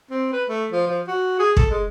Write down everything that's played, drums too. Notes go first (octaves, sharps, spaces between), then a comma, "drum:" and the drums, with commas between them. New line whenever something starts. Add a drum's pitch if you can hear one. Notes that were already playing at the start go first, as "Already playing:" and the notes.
C4
B4
A3
F3
F3
F#4
G#4
A4, drum: kick
G#3